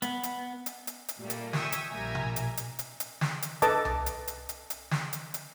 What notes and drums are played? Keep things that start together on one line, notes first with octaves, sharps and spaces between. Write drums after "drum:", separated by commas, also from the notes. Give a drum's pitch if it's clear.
B3, drum: hi-hat
drum: hi-hat
drum: hi-hat
drum: hi-hat
drum: hi-hat
A#2 G3 A3 A#3
drum: hi-hat
E5 G5 G#5 C#6 D#6 E6, drum: snare
drum: hi-hat
A#1 G3 A#3 E5 G#5 A#5
drum: tom B2
drum: hi-hat
drum: hi-hat
drum: hi-hat
drum: hi-hat
drum: snare
drum: hi-hat
A4 B4 D#5 A5 D6, drum: hi-hat
drum: tom C2
drum: hi-hat
drum: hi-hat
drum: hi-hat
drum: hi-hat
drum: snare
drum: hi-hat
drum: hi-hat